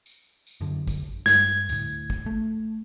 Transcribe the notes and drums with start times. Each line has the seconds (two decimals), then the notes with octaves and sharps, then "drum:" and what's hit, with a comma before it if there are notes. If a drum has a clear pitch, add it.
0.06 drum: tambourine
0.47 drum: tambourine
0.61 F#2 D3
0.87 drum: kick, tambourine
1.26 G2 G#6, drum: snare
1.69 D2 A2, drum: tambourine
2.10 drum: kick
2.26 A3